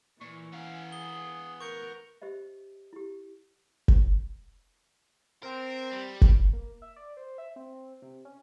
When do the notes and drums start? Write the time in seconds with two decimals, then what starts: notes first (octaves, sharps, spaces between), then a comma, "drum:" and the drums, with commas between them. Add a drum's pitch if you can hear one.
0.21 A#2 E3 C#6
0.52 B3 C#4 F5
0.92 G#4 G7
1.60 A#4 C#6 G6 C#7
2.22 G4 C5 D#5 E5
2.93 E4 G4
3.88 drum: kick
5.43 C4 A#4 C5
5.91 G3
6.21 drum: kick
6.53 A#3
6.82 E5
6.96 D5
7.17 C5
7.38 E5
7.56 C4
8.02 C3
8.25 C#4